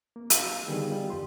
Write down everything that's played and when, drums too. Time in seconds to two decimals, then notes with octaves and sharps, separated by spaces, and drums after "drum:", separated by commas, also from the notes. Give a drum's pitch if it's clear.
0.16 A#3
0.30 F5 E6, drum: hi-hat
0.66 D3 D#3 G3 B3 G4 G#4
0.90 G3 F4
1.10 F2 G4 C6